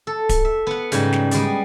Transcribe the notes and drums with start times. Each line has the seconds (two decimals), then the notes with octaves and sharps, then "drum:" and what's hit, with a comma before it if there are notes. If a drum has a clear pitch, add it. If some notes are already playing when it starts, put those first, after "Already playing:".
0.07 A4
0.29 drum: kick D1, hi-hat
0.45 E5
0.67 B3 F#5
0.92 G#2 C#3 F#3 G3, drum: hi-hat
1.13 drum: snare
1.31 G3 G#3 B3 D5, drum: hi-hat